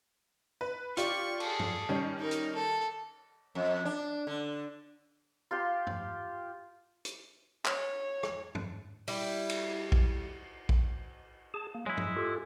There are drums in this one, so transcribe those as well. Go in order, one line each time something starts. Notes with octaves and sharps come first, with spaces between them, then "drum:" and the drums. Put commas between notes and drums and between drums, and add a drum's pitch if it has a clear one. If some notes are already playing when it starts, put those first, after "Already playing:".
B4
F4 G4 D5 C#6, drum: hi-hat
G#4 A4, drum: cymbal
drum: tom G2
D#3 G3 C#4
D#4 A#4
drum: hi-hat
A4 A5
F2
D4
D3
F4 G4 C6
drum: tom G2
drum: hi-hat
C#5, drum: clap
drum: rim click
drum: tom G2
G3 E4, drum: open hi-hat
drum: cymbal
drum: kick A#1
drum: kick A#1
G#4 A5
A#3
F#3 G#3 E4
drum: tom G2
F4 G4 A4